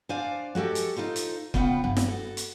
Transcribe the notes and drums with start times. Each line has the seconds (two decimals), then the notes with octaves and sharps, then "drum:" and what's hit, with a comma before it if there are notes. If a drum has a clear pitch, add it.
0.09 D4 C5 D5 F5 G#5
0.55 G#3 F#4 G4 A4
0.75 drum: hi-hat
0.96 D#4 F4 A4 C5
1.16 drum: hi-hat
1.54 C#3 B3 F4 E5 F#5 G5, drum: kick
1.84 G2
1.97 drum: snare
2.06 F#4 A4
2.37 drum: hi-hat